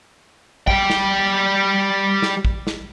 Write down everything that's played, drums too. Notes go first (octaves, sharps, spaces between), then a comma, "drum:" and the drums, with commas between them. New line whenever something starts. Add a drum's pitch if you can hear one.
G3 G5, drum: kick
drum: snare
drum: snare
drum: kick
drum: snare